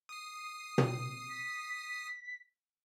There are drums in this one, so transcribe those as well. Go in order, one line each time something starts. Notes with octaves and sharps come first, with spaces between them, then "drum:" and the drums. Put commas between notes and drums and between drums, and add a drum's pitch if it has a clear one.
D#6 C7
drum: tom
B6